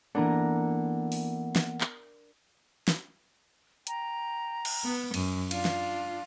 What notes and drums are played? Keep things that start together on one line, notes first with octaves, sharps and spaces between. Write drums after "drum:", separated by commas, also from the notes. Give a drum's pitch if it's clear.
E3 A#3 B3 D4 A4 A#4 F#5 A#5
drum: open hi-hat
drum: snare
drum: clap
drum: snare
G5 A#5, drum: hi-hat
drum: cymbal
B3
F#2, drum: cymbal
D4 F4, drum: cymbal
drum: snare